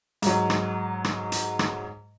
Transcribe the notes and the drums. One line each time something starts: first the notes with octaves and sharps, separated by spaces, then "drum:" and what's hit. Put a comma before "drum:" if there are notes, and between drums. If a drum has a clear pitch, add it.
G#2 F#3, drum: hi-hat
drum: rim click
drum: rim click
drum: hi-hat
drum: rim click